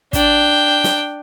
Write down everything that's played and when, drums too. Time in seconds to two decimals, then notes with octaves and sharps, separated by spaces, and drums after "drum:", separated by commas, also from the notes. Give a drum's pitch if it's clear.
0.13 D4 G5, drum: kick, hi-hat
0.84 drum: snare